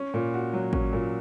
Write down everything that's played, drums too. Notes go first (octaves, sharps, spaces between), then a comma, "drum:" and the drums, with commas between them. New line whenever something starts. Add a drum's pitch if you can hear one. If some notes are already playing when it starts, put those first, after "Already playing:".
Already playing: C#4
A#2
F#4
F#3
C#4, drum: kick G#1
A#2